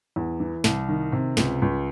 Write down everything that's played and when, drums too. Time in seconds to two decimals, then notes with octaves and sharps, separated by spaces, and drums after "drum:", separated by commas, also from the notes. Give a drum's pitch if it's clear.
0.16 E2
0.40 E3
0.64 C2, drum: snare
0.89 D#3
1.12 C3
1.37 C#2, drum: snare
1.62 C#2